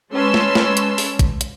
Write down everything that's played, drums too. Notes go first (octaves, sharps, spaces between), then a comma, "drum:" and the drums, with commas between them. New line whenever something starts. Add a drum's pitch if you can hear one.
G#3 C#4 B4 A5 C6 E6
drum: snare
drum: snare
drum: hi-hat
drum: open hi-hat
drum: kick, hi-hat
drum: hi-hat